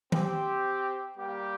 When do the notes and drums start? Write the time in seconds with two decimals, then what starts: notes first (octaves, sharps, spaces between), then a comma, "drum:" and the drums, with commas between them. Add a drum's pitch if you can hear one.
0.12 C4 G4, drum: tom
1.17 G3 A#3 G4